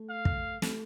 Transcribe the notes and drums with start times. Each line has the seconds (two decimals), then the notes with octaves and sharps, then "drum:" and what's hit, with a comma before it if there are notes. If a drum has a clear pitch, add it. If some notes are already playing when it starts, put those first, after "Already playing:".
Already playing: A3
0.09 F5
0.25 drum: kick
0.62 A3, drum: snare